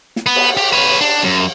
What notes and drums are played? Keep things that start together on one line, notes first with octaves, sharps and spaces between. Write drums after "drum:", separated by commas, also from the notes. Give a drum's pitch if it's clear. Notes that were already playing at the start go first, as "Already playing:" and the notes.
drum: snare
B3
drum: cymbal
G4
B4 C#5
D4
F#2